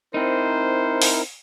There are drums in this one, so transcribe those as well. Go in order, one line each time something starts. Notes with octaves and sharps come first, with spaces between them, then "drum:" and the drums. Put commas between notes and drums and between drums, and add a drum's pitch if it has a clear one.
C4 D#4 E4 A#4 C5
drum: open hi-hat